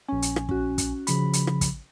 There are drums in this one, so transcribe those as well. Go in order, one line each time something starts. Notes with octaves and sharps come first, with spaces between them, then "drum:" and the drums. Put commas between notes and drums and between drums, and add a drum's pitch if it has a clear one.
A#1 C#4 G#5
drum: hi-hat
drum: rim click
C#4 F#4, drum: kick
drum: kick, hi-hat
C#3 F3 B5, drum: hi-hat
drum: hi-hat
drum: rim click
drum: kick, hi-hat